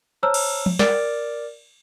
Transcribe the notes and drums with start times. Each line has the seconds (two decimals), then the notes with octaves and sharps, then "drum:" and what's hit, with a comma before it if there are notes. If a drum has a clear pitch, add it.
0.23 C5 C#5 A5 A#5 E6 F6
0.34 drum: cymbal
0.66 drum: tom F3
0.79 A#4 D5 D6 F6 A6 D7, drum: snare